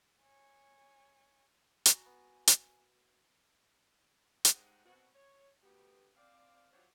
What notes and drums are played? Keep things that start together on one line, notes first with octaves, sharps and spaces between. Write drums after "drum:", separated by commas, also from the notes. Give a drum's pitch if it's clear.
C#5 G#5
F#4 G#5 A#5, drum: hi-hat
B3
drum: hi-hat
G#2 G#3 G4 G#4 C5 F#5, drum: hi-hat
B2 C4 F#4
C#5
D2 B3 G4
C4 D5 F5
F#3 D4 F4 G4 C5 C#5